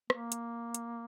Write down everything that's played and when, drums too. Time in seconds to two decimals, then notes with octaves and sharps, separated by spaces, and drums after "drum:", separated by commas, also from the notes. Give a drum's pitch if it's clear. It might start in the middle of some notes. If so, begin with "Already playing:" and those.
0.10 A#3, drum: rim click
0.32 drum: hi-hat
0.75 drum: hi-hat